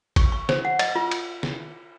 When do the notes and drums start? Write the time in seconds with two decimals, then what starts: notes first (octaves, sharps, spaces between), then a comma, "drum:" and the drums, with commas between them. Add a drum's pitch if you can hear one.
0.16 C#6, drum: kick G#1, cymbal
0.32 C#6
0.49 C5, drum: snare
0.65 F#5
0.79 D#5, drum: cymbal
0.95 F4
1.11 drum: cymbal
1.43 drum: snare